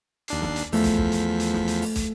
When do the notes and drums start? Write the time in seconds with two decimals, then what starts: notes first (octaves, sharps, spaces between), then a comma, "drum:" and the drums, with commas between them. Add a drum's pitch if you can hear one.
0.28 D#2 D4 C7, drum: hi-hat
0.42 drum: snare
0.56 drum: hi-hat
0.72 E2 F3 A3 B6, drum: open hi-hat
0.84 drum: kick, hi-hat
0.98 drum: kick
1.12 drum: hi-hat
1.40 drum: hi-hat
1.54 drum: snare
1.68 drum: hi-hat
1.82 drum: open hi-hat
1.96 drum: kick, hi-hat